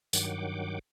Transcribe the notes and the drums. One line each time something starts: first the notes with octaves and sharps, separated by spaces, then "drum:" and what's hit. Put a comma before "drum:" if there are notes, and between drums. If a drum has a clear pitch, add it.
G2 D#3 F#3 F#5 G5 D6, drum: tambourine